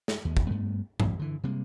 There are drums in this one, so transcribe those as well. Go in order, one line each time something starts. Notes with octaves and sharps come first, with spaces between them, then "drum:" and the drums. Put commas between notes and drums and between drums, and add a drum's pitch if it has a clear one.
drum: snare
D#2
drum: kick
G2 A3 B3
A#1 F2 G3, drum: tom G2
D3 E3
C3 G3 G#3 A#3